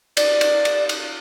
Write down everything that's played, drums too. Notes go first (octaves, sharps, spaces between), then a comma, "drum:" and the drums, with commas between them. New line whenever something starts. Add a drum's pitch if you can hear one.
D5, drum: cymbal
drum: cymbal
drum: cymbal
drum: cymbal